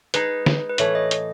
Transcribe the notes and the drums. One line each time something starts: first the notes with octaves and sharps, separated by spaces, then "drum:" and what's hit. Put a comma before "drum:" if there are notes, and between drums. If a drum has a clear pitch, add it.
G#3 D#4 G#4 B4, drum: hi-hat
drum: snare
B4
A2 E3 A3 C#5, drum: hi-hat
D#5
drum: hi-hat